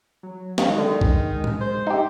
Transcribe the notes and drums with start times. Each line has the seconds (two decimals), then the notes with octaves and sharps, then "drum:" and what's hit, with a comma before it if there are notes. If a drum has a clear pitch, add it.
0.23 F#3
0.58 D#3 F#3 G#3 A#3, drum: snare
0.78 D3 D#3
1.01 drum: kick
1.44 drum: tom A2
1.61 C5
1.87 D#4 G4 E5